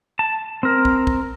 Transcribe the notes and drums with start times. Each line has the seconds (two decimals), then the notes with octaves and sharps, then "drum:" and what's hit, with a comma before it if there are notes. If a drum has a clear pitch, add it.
0.19 A5
0.63 C4 A#4
0.85 drum: kick
1.07 drum: kick